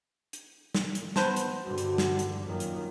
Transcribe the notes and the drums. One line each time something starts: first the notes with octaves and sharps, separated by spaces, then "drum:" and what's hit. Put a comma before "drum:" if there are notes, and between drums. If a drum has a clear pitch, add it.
drum: hi-hat
drum: snare
drum: hi-hat
B3 B4 C5 A5, drum: snare
drum: hi-hat
G2 D3 F#4
drum: hi-hat
drum: snare
drum: hi-hat
F#2 A#2 D#3
drum: hi-hat